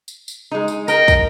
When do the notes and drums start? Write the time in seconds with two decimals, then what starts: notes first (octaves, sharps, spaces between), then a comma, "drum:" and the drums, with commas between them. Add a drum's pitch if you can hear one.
0.08 drum: tambourine
0.28 drum: tambourine
0.51 G#3 D#4
0.68 drum: tambourine
0.88 A#4 D#5 G5, drum: tambourine
1.08 drum: kick, tambourine